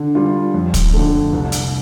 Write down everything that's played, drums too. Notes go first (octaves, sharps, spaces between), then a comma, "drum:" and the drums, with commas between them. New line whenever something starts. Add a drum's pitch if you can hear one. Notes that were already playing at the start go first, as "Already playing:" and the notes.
Already playing: D3
G3 F4
F2
drum: kick, hi-hat
D3 A3
C2
drum: hi-hat